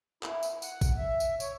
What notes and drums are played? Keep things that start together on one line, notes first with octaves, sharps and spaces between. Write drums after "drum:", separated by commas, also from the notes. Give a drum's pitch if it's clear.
E4, drum: clap
drum: tambourine
F#5, drum: tambourine
drum: kick A1, tambourine
E5
drum: tambourine
C#5, drum: tambourine